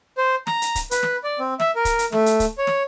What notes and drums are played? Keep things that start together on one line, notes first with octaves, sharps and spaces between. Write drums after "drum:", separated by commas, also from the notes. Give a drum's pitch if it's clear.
C5
A#5, drum: snare
drum: hi-hat
drum: kick, hi-hat
B4, drum: hi-hat
drum: snare
D5
C4
E5, drum: snare
A#4
drum: kick, hi-hat
drum: hi-hat
A3, drum: snare
drum: hi-hat
drum: kick, hi-hat
C#5
drum: snare